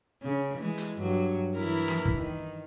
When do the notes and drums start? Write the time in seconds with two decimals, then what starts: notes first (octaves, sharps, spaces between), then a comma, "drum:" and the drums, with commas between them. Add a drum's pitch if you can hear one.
0.22 C#3
0.57 E3 G#3
0.78 drum: hi-hat
0.97 G2 F#3
1.55 E3 E4 A#4
1.88 drum: snare
2.05 drum: kick
2.15 D#3